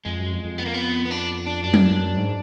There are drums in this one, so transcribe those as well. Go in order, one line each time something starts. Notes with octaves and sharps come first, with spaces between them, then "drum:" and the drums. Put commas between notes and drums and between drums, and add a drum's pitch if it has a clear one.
F2 G#3
F#2
F2
F2
B3
A#3
B3
B3
D4
D4
F#2 D4
drum: tom F#3
F#2
G#2